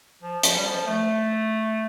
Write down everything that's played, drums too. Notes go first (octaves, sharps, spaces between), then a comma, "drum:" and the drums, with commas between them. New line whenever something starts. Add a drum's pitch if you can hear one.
F3
F3, drum: hi-hat
G3
F3
A3